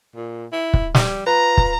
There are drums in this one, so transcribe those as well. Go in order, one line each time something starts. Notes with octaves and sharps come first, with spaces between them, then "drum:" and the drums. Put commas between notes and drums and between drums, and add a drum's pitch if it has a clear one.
A#2
E4
drum: kick
G3, drum: snare
F4 B4 A#5
drum: kick